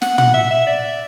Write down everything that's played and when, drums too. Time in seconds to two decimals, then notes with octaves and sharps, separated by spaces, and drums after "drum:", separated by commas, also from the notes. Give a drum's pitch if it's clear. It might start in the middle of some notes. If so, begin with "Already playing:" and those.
0.02 F#5, drum: snare
0.18 F#5, drum: tom
0.34 E5
0.50 E5
0.66 D5